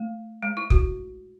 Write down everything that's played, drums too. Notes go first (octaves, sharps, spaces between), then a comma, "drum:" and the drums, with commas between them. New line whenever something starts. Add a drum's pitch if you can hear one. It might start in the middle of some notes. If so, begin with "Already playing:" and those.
Already playing: A3
G#3
E4
F#4, drum: kick